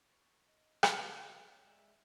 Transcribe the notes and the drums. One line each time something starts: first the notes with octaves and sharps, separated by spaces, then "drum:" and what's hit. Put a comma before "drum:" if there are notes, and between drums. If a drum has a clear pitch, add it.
C#6
D#5
drum: rim click
D5
B5
C#5
G#3 D5 E5